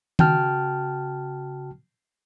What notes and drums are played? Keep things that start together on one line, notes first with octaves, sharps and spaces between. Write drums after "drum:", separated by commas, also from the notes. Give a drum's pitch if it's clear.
C#3 F#4 G5 A5 F6, drum: tom D#3